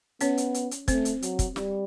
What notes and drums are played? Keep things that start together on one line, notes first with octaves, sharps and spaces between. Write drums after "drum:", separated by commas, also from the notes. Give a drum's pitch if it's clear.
B3 C#4 C#5, drum: hi-hat
drum: hi-hat
drum: hi-hat
drum: hi-hat
A3 C4 C5, drum: kick, hi-hat
drum: hi-hat
F#3, drum: hi-hat
drum: kick, hi-hat
G3, drum: snare